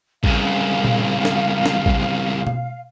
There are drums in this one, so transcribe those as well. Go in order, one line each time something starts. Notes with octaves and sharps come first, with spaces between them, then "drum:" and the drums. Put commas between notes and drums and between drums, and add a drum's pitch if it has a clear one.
C2 C#3 F5, drum: kick
drum: tom A#2
drum: snare
drum: snare
drum: kick
drum: tom B2